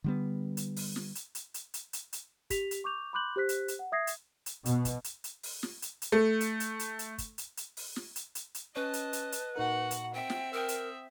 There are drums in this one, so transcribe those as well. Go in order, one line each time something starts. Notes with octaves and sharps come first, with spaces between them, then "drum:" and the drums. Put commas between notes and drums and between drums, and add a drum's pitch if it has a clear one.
D3 G3 B3
drum: hi-hat
drum: open hi-hat
drum: snare
drum: hi-hat
drum: hi-hat
drum: hi-hat
drum: hi-hat
drum: hi-hat
drum: hi-hat
G4 B6 F7, drum: kick, hi-hat
drum: hi-hat
C#6 D6 G6 F7
B5 C6 D6 F#6 G6 F#7
G4 C5 F#6 B6
drum: hi-hat
drum: hi-hat
F#5
E5 D#6 G#6 A#6 C7
drum: hi-hat
drum: hi-hat
B2, drum: hi-hat
drum: kick, hi-hat
drum: hi-hat
drum: hi-hat
drum: open hi-hat
drum: snare
drum: hi-hat
drum: hi-hat
A3
drum: hi-hat
drum: hi-hat
drum: hi-hat
drum: hi-hat
drum: kick, hi-hat
drum: hi-hat
drum: hi-hat
drum: open hi-hat
drum: snare
drum: hi-hat
drum: hi-hat
drum: hi-hat
C#4 B4 C#5 D#5 A5
drum: hi-hat
drum: hi-hat
drum: hi-hat
A#2 D#4 F#4 A#4 F#5
drum: hi-hat
C4 E5 G5
drum: snare
A#4 G5 D#6 E6
drum: hi-hat